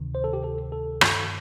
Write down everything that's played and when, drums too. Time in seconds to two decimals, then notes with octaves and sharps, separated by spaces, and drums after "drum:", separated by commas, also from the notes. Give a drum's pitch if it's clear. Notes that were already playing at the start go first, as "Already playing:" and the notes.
Already playing: D2 C3 D#3
0.15 C5
0.24 A4
0.33 G4
0.44 A4
0.72 A4
1.01 G2 D#3, drum: rim click